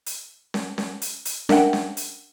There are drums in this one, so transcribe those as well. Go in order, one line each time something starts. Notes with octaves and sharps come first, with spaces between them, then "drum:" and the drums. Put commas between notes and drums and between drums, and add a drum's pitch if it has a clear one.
drum: hi-hat
drum: snare C#4
drum: snare C#4
drum: hi-hat
drum: hi-hat
D4 A#4 E5 F#5 G5, drum: snare C#4
drum: snare C#4
drum: hi-hat